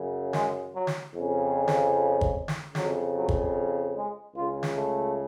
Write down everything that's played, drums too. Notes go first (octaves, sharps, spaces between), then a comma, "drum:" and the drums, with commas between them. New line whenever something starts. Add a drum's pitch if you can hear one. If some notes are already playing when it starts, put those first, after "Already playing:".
Already playing: F#2 C#3
G#3, drum: snare
F#3
drum: snare
F2 C#3
drum: snare
drum: kick G1
drum: snare
F2 C#3 F#3, drum: snare
F#3
drum: kick G1
G#3
C#2 C#3 F4
drum: snare
A3